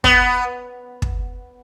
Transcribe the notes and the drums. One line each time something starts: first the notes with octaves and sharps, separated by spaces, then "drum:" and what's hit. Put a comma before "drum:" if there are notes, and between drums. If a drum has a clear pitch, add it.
B3, drum: kick
drum: kick